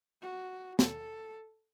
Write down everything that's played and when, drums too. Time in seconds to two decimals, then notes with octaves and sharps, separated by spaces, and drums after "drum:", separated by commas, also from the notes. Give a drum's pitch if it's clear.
0.22 F#4
0.79 A4, drum: snare